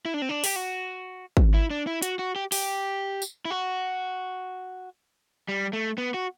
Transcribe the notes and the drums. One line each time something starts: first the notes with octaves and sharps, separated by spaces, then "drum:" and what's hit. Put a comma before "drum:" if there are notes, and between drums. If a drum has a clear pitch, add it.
E4
D4
C4
D4
G4, drum: open hi-hat
F#4
drum: kick G#1
E4
D4
E4
F#4, drum: hi-hat
F#4
G4
G4, drum: open hi-hat
drum: tambourine
E4
F#4
G3
A3
B3
F#4